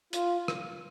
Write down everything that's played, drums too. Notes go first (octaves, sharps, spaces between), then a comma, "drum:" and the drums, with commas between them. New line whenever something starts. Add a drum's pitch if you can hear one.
F4, drum: hi-hat
drum: rim click